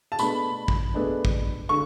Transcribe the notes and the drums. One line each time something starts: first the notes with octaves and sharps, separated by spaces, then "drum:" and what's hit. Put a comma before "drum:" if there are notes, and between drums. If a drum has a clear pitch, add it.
A5
B2 A3 D4 G#4 B4 B5, drum: tambourine
drum: kick
B2 A3 D4 G#4 B4
drum: kick
D3 C#6